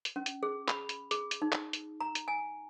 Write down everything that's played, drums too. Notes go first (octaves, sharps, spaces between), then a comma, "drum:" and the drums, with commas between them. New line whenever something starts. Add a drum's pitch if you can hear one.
drum: hi-hat
C#4
drum: hi-hat
G#4
B5, drum: clap
drum: hi-hat
G#4, drum: hi-hat
drum: hi-hat
D#4
drum: clap
drum: hi-hat
A#5
drum: hi-hat
G#5